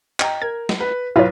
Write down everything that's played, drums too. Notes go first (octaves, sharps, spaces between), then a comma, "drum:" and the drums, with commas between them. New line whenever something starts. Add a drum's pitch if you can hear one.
D#5 G5 A#5, drum: clap
A#4 G#6
drum: snare
B4
B1 E4 F4 B4 C#5